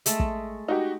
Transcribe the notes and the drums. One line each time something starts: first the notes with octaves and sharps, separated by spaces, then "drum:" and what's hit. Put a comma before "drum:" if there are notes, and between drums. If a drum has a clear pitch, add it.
G#3 A3 A4, drum: hi-hat
drum: kick
D#4 F#4 G4